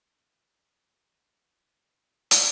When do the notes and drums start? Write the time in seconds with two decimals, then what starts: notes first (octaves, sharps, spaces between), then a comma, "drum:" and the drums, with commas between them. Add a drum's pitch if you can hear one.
0.14 G2
0.29 F#2
0.56 F#2
0.71 G2
1.27 F#2
1.80 F#2
1.84 G2
2.02 A2
2.21 B2
2.31 drum: hi-hat